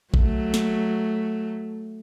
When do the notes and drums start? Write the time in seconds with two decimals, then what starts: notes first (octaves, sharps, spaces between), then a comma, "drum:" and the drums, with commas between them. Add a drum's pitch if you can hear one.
0.14 F#3 A3, drum: kick A1
0.54 drum: snare